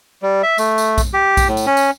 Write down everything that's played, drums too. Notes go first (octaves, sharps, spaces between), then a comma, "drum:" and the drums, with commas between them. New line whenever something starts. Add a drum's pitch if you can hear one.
G3
E5
A3, drum: tambourine
drum: tambourine
drum: kick A#1, tambourine
G4
drum: kick A#1, tambourine
A2
drum: tambourine
C#4
drum: tambourine